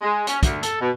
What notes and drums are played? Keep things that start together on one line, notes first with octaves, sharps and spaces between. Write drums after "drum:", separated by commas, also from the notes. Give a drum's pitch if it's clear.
G#3
C#4, drum: hi-hat
D2, drum: kick, hi-hat
A4, drum: hi-hat
B2